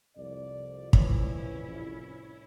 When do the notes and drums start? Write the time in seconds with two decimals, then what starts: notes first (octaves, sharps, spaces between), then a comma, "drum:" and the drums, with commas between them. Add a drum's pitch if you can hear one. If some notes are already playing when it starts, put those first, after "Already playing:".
0.16 C2 F2 D5
0.93 A2 E3 C#4 E4, drum: kick